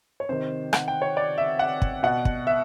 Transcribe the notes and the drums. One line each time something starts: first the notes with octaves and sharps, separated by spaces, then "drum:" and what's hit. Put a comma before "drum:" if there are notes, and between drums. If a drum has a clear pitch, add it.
C#5
C3 D#3 C5
F#5, drum: rim click
G5
C#5
D5
E5
F#5
drum: kick
B2 F#5
drum: kick
E5